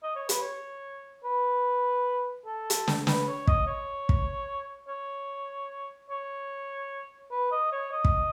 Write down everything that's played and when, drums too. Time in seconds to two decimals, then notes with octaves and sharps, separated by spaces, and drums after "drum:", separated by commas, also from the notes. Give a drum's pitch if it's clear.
0.03 D#5
0.16 C#5
0.29 B4, drum: hi-hat
0.41 C#5
1.24 B4
2.46 A4
2.70 drum: hi-hat
2.88 drum: snare
3.07 B4, drum: snare
3.27 C#5
3.47 D#5, drum: kick
3.67 C#5
4.09 drum: kick
4.88 C#5
6.10 C#5
7.31 B4
7.52 D#5
7.72 C#5
7.92 D#5
8.05 drum: kick